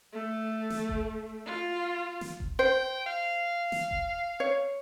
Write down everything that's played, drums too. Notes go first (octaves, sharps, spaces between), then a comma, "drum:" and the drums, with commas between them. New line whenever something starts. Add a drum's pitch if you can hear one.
A3
drum: snare
drum: kick E1
F4
drum: snare
drum: kick E1
C5 G5
F5
drum: snare
drum: kick E1
C#5